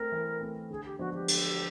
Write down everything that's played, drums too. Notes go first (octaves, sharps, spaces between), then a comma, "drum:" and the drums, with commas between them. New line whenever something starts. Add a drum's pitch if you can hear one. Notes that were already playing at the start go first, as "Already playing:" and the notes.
Already playing: A3 C4 A#4
E3
A3 C4
D3 G#4
G4
F3 G#3 B3 D4 F#4
G4
D3, drum: cymbal